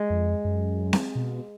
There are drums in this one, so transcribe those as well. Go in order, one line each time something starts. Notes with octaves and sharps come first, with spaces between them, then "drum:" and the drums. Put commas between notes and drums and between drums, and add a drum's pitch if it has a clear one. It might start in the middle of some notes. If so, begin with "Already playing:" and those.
Already playing: G#3
F2
F#2
drum: snare C4
B2